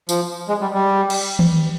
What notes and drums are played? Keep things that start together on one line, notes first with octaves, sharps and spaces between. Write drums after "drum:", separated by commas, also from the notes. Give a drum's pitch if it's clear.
F3, drum: tambourine
G#3
G3
G3
drum: cymbal
drum: tom D#3